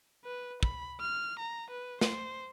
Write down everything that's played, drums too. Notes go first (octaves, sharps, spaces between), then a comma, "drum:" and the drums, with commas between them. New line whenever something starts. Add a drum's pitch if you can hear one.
B4
B5, drum: kick
F6
A#5
B4
C5, drum: snare